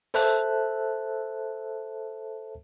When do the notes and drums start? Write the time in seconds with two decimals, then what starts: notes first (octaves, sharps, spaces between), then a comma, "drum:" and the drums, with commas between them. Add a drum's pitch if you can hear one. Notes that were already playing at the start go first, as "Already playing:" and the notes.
0.14 A4 C5 E5 A5 F#6, drum: open hi-hat